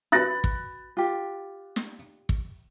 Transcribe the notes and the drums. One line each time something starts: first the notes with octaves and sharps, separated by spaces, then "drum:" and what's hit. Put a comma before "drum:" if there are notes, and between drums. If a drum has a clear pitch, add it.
F#4 B4 B5 F#6 A6 A#6
drum: kick
F4 G4
drum: snare
drum: kick